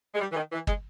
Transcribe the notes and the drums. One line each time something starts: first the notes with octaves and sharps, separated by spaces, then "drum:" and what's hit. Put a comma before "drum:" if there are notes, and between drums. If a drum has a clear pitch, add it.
G#3
G3
E3
D#3
E3
G#3, drum: kick